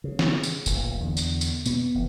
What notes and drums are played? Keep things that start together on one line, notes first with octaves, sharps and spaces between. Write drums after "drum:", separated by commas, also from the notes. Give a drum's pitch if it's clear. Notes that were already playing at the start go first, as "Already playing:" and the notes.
C#3
drum: snare
drum: tambourine
D1 G1 A#2, drum: tambourine
E2 D3
drum: tambourine
drum: tambourine
B2 B3, drum: tambourine
F1 E3